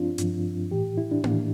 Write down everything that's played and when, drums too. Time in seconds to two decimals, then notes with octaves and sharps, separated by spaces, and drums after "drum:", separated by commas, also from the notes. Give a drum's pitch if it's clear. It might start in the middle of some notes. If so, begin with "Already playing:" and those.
Already playing: G2 F3 C4 D4 F4
0.18 G2, drum: hi-hat
0.23 F3
0.71 A2 E3 G4
0.98 E4
1.11 D4
1.24 A2 E3, drum: tom A#3